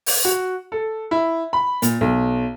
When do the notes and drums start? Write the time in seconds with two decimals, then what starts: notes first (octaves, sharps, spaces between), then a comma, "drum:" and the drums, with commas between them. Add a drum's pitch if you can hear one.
0.06 drum: open hi-hat
0.25 F#4
0.72 A4
1.11 E4
1.53 B5
1.82 A#2, drum: hi-hat
2.01 B1